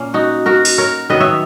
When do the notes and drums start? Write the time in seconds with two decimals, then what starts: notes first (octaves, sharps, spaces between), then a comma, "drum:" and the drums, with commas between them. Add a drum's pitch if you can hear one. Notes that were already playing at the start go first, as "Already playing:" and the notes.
Already playing: A#2 A#3 C#4
0.14 D#4 F#4
0.46 F#4 A#4
0.65 drum: open hi-hat
0.78 A#4 C#5
1.10 D#3 F#3 B3 B4 D#5
1.20 C#5 E5